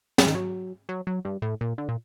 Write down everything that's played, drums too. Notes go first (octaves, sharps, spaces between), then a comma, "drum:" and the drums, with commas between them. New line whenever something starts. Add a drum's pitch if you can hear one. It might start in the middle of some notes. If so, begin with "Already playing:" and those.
F#3, drum: snare
D#3
F#3
F#3
F#3
G2
A2
A#2
D3
A#2